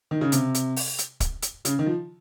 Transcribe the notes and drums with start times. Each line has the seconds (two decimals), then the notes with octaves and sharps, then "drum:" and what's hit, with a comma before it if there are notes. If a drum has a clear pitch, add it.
0.11 D#3
0.21 C#3
0.32 C3, drum: hi-hat
0.54 drum: hi-hat
0.76 drum: open hi-hat
0.98 drum: hi-hat
1.20 drum: kick, hi-hat
1.42 drum: hi-hat
1.65 C#3, drum: hi-hat
1.79 D#3
1.86 F3